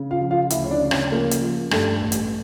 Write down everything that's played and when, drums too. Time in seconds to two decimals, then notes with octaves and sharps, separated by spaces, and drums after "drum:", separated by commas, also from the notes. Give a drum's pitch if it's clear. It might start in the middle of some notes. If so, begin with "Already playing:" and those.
Already playing: C#3
0.11 F4 F5
0.21 F3
0.31 F4 F5
0.50 D2 E4 E5, drum: hi-hat
0.64 C#5
0.71 D4 D5
0.81 C#3
0.91 C#4 C#5, drum: rim click
1.11 F3 A#3 A#4
1.31 drum: hi-hat
1.41 F3
1.71 G2 A3 A4, drum: rim click
2.02 A1
2.12 drum: hi-hat